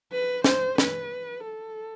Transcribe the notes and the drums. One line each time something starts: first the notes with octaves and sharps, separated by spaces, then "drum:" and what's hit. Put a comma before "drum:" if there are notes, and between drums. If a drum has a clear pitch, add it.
B4
C5, drum: snare
B4, drum: snare
A4